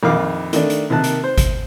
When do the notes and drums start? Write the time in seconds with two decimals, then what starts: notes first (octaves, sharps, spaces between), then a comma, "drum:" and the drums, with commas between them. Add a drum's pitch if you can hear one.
0.03 A#1 F2 D#3 F5 D6
0.53 D#3 A3 D4, drum: hi-hat
0.70 drum: hi-hat
0.90 C3 D#3 A#3 A5 F#6
1.04 drum: hi-hat
1.24 C5
1.38 drum: kick G#1, hi-hat